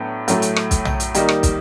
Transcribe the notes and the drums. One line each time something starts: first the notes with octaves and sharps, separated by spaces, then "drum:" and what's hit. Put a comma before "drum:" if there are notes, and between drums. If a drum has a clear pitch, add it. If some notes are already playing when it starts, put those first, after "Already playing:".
Already playing: A2 F#3 B3 D4
A2 F#3 A3, drum: hi-hat
drum: hi-hat
drum: rim click
drum: kick, hi-hat
drum: tom
drum: hi-hat
D#3 G3 A#3 D#4, drum: hi-hat
drum: rim click
drum: kick, hi-hat